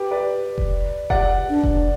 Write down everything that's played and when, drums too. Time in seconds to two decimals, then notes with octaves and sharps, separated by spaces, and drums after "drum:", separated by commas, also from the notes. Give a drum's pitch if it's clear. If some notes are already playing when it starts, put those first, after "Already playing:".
Already playing: G4 B4
0.11 B4 D5
0.58 drum: kick F1
1.10 D5 F#5, drum: kick F1
1.50 D4
1.64 drum: kick F1